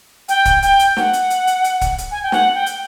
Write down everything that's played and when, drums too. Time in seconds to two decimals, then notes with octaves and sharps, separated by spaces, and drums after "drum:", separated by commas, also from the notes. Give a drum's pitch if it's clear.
0.29 G5, drum: hi-hat
0.45 drum: kick, hi-hat
0.63 G5, drum: hi-hat
0.79 drum: hi-hat
0.97 F#5, drum: snare
1.13 drum: hi-hat
1.30 drum: hi-hat
1.47 drum: hi-hat
1.64 drum: hi-hat
1.81 drum: kick, hi-hat
1.98 drum: hi-hat
2.11 G#5
2.23 G5
2.32 F#5, drum: snare
2.55 G5
2.66 drum: hi-hat